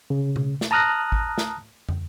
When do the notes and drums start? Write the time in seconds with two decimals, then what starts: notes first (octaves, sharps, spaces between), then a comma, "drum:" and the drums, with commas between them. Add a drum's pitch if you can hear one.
0.10 C#3
0.36 drum: tom B2
0.61 drum: snare
0.71 A5 A#5 D#6 F6 F#6 A#6
1.12 drum: kick G#1
1.38 drum: snare
1.89 drum: tom